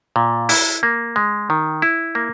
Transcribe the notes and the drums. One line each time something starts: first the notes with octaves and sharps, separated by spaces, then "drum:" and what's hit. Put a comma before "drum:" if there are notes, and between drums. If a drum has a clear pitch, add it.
A#2
E4, drum: open hi-hat
A#3
G#3
D#3
E4
A#3